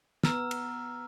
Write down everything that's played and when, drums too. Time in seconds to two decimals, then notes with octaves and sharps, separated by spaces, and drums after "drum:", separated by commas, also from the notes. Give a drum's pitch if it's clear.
0.23 B3 A#5 E6 F6, drum: snare
0.51 drum: cymbal